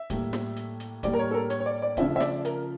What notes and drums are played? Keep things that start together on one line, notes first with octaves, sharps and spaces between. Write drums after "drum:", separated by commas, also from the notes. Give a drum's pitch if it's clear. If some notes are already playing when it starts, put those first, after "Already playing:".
Already playing: E5
A2 G3 A#3, drum: kick, hi-hat
drum: snare
drum: hi-hat
drum: hi-hat
A2 G3 A#3 D5, drum: kick, hi-hat
A#4
C#5
A4
A#4
C#5, drum: hi-hat
C#5
D5
D5
C#3 F3 A3 E5, drum: kick, hi-hat
E5
D5, drum: snare
A#4, drum: hi-hat